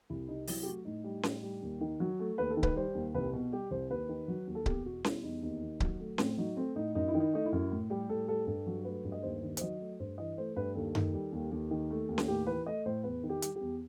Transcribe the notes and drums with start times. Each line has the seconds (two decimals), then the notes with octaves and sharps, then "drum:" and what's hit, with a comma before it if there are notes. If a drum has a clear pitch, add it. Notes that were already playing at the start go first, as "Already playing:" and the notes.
0.10 C2 E4
0.29 C3 D#4
0.47 F#3 E4, drum: open hi-hat
0.63 G4
0.66 A3 F#4
0.85 A2 D#4
1.04 G3
1.23 A2, drum: snare C#4
1.43 G3
1.62 D#2
1.81 D#3
2.00 F#3
2.19 A3
2.38 D#2 B4
2.50 A4
2.57 D#3
2.63 B4, drum: kick C#1
2.76 G3 C5
2.95 D#2
3.15 C2 B4
3.33 B2
3.52 G3 G4
3.71 C2 C5
3.90 D#2 B4
4.09 D#3
4.28 F#3
4.47 D#2
4.55 A4
4.66 E2 G4, drum: kick C#1
4.85 B2 F#4
5.04 G3 E4, drum: snare C#4
5.23 E2 D#4
5.43 D#2 D#4
5.62 D#3
5.80 F#3, drum: kick C#1
6.00 A3
6.18 A2 C4, drum: snare C#4
6.38 F#3 D#4
6.57 A3 C4
6.75 A2 D#4
6.95 F#2 D#4
7.08 E4
7.14 D#3
7.20 D#4
7.33 A3 D#4
7.46 E4
7.53 F#2
7.71 A2
7.90 G3 G4
8.09 A2 A4
8.28 G3 A4
8.47 G2 A4
8.66 F#3
8.85 A3 B4
9.04 G2
9.12 D#5
9.23 D#2 C5
9.42 D#3
9.57 C5, drum: hi-hat
9.61 F#3 D#5
9.80 A3
10.00 G2 C5
10.18 E3 D#5
10.38 A3 C5
10.56 G2 B4
10.75 D#2 A4
10.95 D#3, drum: tom F#2
11.13 G3
11.32 D#2
11.51 D#2
11.71 D#3
11.90 A3
12.09 D#2
12.18 drum: snare C#4
12.27 A2 G4
12.46 E3 B4
12.66 A3 D#5
12.86 A2 C5
13.04 E2 B4
13.23 D#3
13.29 G4
13.42 G3, drum: hi-hat
13.55 G4
13.61 E2